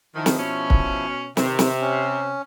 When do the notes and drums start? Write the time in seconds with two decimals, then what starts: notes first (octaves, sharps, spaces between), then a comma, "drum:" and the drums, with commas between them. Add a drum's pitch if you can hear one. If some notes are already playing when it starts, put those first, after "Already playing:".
0.15 D#3 F3 E4
0.26 drum: snare
0.38 B2 C#4
0.70 drum: kick
1.37 C3 D#3, drum: snare
1.59 drum: snare
1.81 C#4